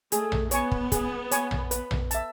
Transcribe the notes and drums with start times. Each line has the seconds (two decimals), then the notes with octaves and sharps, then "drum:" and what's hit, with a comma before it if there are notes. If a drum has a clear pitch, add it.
0.12 A3 G#4, drum: hi-hat
0.32 drum: tom A#1
0.51 B3 C#5 G#5 C#6, drum: hi-hat
0.72 drum: kick
0.92 G#4, drum: kick, hi-hat
1.31 C#5 G#5 C#6, drum: hi-hat
1.51 drum: tom A#1
1.71 B4, drum: hi-hat
1.91 drum: tom A#1
2.11 E5 A5, drum: hi-hat